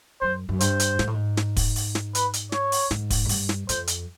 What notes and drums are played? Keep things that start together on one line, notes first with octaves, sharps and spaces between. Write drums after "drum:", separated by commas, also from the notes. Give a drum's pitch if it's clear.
F#2 C5
F#2
G2 C5, drum: hi-hat
drum: hi-hat
G#2, drum: snare
A2
G#2
drum: snare
drum: kick, open hi-hat
drum: open hi-hat
drum: snare
B4, drum: hi-hat
drum: hi-hat
C#5, drum: snare
drum: open hi-hat
G#2, drum: snare
drum: kick, open hi-hat
F#2
G2, drum: open hi-hat
drum: snare
F2 C5, drum: hi-hat
drum: hi-hat